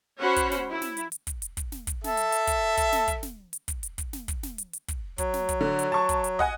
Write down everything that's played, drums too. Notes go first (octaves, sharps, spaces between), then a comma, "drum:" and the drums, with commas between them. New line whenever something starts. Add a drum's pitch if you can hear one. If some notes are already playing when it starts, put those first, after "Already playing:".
C#4 F#4 C5 C#5 F#5 B5
drum: kick, hi-hat
drum: snare
E4
drum: snare
drum: hi-hat
drum: hi-hat
drum: kick, hi-hat
drum: hi-hat
drum: kick, hi-hat
drum: snare
drum: kick, hi-hat
A4 E5, drum: snare
drum: hi-hat
drum: hi-hat
drum: kick, hi-hat
drum: kick, hi-hat
drum: snare
drum: kick, hi-hat
drum: snare
drum: hi-hat
drum: kick, hi-hat
drum: hi-hat
drum: kick, hi-hat
drum: snare
drum: kick, hi-hat
drum: snare
drum: hi-hat
drum: hi-hat
drum: kick, hi-hat
F#3, drum: kick, hi-hat
drum: snare
drum: kick, hi-hat
D3
drum: hi-hat
A5 C#6
drum: kick, hi-hat
drum: hi-hat
D#5 F#5 G#5, drum: kick